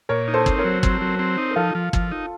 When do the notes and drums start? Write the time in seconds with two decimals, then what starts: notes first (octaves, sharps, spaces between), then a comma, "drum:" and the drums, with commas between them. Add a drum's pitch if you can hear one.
0.09 A#2 A#4 C#5
0.28 D#4
0.34 A4 C5
0.46 C4, drum: kick
0.58 A#4 C#5
0.64 F#3
0.83 C4, drum: kick
1.01 F#3
1.19 C4
1.38 D#4
1.51 A#4
1.56 F3 F4 A4
1.75 F3
1.93 F3, drum: kick
2.11 D#4